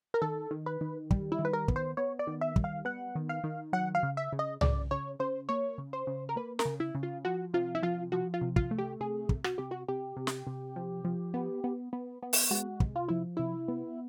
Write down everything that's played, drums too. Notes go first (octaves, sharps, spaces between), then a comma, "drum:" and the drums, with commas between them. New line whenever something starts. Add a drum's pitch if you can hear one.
A#4
D#3 A4
D#3
B4
D#3
G3, drum: kick
E4
D#3
B4
A#4
B3, drum: kick
C5
B3 C#5
D5
D#3
E5
G3, drum: kick
F5
B3 F#5
D#3
F5
D#3
F#3 F#5
F5
C#3
E5
C#3
D#5
C#3 D5, drum: tom C2
C#3 C#5
C#3 C5
A#3 C#5
C#3
C5
C#3
A#4
A#3 B4
A#4, drum: snare
C#3
E4
C#3
F4
F3 F#4
C3 F4
E4
F3 F4
F3 F#4
F4
C3
F4, drum: kick
A3
G4
C3 G#4
C3, drum: kick
F#4, drum: rim click
C3 G4
F#4
C3 G4
C3
drum: snare
C3
F3
F3
B3
B3
B3
B3
drum: open hi-hat
G#3 F#4
C3, drum: kick
F4
F3 E4
C3 E4
B3